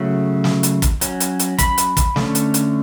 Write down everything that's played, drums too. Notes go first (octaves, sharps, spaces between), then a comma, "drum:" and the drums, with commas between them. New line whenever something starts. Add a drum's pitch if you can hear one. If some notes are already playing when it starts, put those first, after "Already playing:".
Already playing: C#3 F#3 A3
drum: snare
drum: hi-hat
drum: kick, hi-hat
F#3 C#4, drum: hi-hat
drum: hi-hat
drum: hi-hat
B5, drum: kick, hi-hat
drum: hi-hat
drum: kick, hi-hat
D3 A3 C#4, drum: snare
drum: hi-hat
drum: hi-hat